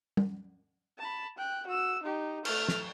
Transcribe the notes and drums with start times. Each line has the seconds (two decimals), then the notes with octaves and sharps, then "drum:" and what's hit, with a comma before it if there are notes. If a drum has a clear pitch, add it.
0.17 drum: tom G3
0.99 A5 B5
1.38 G5 F#6
1.67 F#4 E6
2.03 D#4 G4
2.45 A3 F6, drum: cymbal
2.69 drum: snare